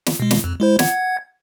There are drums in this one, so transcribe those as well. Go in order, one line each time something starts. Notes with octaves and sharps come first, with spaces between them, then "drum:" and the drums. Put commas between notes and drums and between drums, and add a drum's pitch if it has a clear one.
drum: snare
B2 G#3
drum: snare
F2
G#3 E4 C5
F#5 G#6, drum: snare